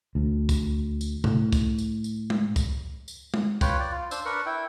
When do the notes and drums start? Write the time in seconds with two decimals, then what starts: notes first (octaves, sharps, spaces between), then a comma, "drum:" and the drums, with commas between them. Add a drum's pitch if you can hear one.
0.15 D2
0.49 drum: kick, tambourine
1.01 drum: tambourine
1.24 A2, drum: tom C3
1.53 drum: kick, tambourine
1.78 drum: tambourine
2.04 drum: tambourine
2.30 drum: tom G#3
2.56 drum: kick, tambourine
3.08 drum: tambourine
3.34 drum: tom G#3
3.61 F4 B4 C#5 G5, drum: kick, tambourine
3.80 D5
3.91 F4
4.11 D4 C5 E6, drum: tambourine
4.25 D4 A#4 B4 C#6
4.46 E4 G5